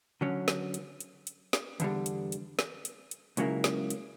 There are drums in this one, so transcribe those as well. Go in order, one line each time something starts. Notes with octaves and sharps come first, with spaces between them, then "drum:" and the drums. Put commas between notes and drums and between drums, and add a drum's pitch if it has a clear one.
D3 F#3 C#4
drum: snare
drum: hi-hat
drum: hi-hat
drum: hi-hat
drum: snare
E2 D3 G3, drum: hi-hat
drum: hi-hat
drum: hi-hat
drum: snare
drum: hi-hat
drum: hi-hat
C#2 C#3 F#3 A#3 E4, drum: hi-hat
drum: snare
drum: hi-hat